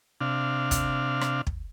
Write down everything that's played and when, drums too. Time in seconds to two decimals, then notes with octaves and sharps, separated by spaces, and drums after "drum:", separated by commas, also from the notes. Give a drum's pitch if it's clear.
0.21 C3 D4 F5
0.71 drum: kick, hi-hat
1.21 drum: rim click
1.47 drum: kick